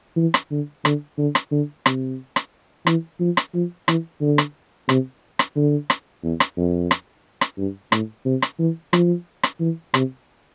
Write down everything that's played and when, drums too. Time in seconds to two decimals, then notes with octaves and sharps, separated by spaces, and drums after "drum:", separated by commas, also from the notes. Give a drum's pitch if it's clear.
0.17 E3
0.34 drum: rim click
0.51 D3
0.85 D3, drum: rim click
1.18 D3
1.35 drum: rim click
1.52 D3
1.86 C3, drum: rim click
2.36 drum: rim click
2.87 E3, drum: rim click
3.20 F3
3.37 drum: rim click
3.54 F3
3.88 E3, drum: rim click
4.21 D3
4.38 drum: rim click
4.89 C3, drum: rim click
5.39 drum: rim click
5.56 D3
5.90 drum: rim click
6.23 E2
6.40 drum: rim click
6.57 F2
6.91 drum: rim click
7.41 drum: rim click
7.58 G2
7.92 A2, drum: rim click
8.25 C3
8.42 drum: rim click
8.59 E3
8.93 F3, drum: rim click
9.43 drum: rim click
9.60 E3
9.94 C3, drum: rim click